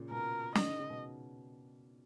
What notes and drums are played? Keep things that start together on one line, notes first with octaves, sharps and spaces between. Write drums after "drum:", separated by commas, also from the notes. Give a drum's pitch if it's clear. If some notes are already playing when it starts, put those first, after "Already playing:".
Already playing: A#2 C#3
B2 A#4
D#3 D#5, drum: snare
D#3
C#3
B2